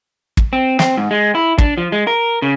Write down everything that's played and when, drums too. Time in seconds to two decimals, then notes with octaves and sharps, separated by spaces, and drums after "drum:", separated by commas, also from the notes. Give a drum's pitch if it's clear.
0.37 drum: kick
0.53 C4
0.79 C4, drum: snare
0.97 G#2
1.11 G#3
1.35 E4
1.58 D4, drum: kick
1.78 F3
1.92 G#3
2.07 A#4
2.42 C#3